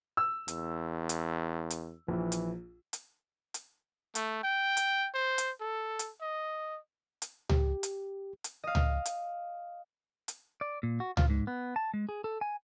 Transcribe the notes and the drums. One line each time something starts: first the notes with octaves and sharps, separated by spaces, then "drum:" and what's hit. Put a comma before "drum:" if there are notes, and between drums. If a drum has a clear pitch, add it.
E6
E2, drum: hi-hat
drum: hi-hat
drum: hi-hat
A#1 E3
drum: hi-hat
drum: hi-hat
drum: hi-hat
A3, drum: hi-hat
G5
drum: hi-hat
C5
drum: hi-hat
A4
drum: hi-hat
D#5
drum: hi-hat
G4, drum: tom C#2
drum: hi-hat
drum: hi-hat
D#5 F5
drum: tom C#2
drum: hi-hat
drum: hi-hat
D5
A#2
F#4
F4, drum: tom C#2
G#2
B3
A5
G#3
G#4
A4
G#5